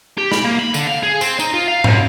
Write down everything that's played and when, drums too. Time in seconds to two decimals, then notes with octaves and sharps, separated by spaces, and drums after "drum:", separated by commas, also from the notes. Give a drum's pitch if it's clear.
0.18 G4
0.32 B5, drum: snare
0.45 A#3
0.59 B5
0.74 D3, drum: tambourine
0.87 F5
1.03 G#4
1.21 C4, drum: tambourine
1.40 D#4, drum: tambourine
1.54 F4
1.68 F5
1.84 F#2, drum: tom G#2